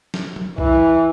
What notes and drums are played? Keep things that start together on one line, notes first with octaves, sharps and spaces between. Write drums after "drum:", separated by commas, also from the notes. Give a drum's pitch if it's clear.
drum: snare
drum: tom
E3, drum: kick B1